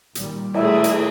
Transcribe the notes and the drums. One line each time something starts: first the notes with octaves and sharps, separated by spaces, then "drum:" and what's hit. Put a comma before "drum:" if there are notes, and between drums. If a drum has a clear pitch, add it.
A#2 D#3 G3, drum: hi-hat
A3 E4 G#4, drum: cymbal
drum: hi-hat